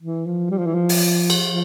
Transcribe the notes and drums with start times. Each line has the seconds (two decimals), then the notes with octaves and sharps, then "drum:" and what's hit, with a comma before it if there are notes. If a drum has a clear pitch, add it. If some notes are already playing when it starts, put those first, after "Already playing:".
0.01 E3
0.26 F3
0.50 G3
0.58 F3
0.66 E3
0.74 F3
0.89 drum: open hi-hat
1.30 drum: cymbal
1.48 F3